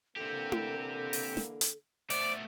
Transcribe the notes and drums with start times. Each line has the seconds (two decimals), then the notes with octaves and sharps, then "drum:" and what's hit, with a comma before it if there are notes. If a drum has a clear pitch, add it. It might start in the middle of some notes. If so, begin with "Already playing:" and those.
0.16 D3 E3 A#3 C4 G4 A4
0.52 drum: tom E4
1.13 drum: open hi-hat
1.37 drum: snare
1.61 drum: hi-hat
2.10 A3 B3 C5 D5, drum: open hi-hat